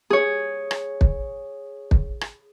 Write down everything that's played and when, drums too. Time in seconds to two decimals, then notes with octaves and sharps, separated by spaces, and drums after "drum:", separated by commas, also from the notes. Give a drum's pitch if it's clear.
0.10 G#4 C#5
0.71 drum: rim click
1.01 drum: kick
1.91 drum: kick
2.21 drum: rim click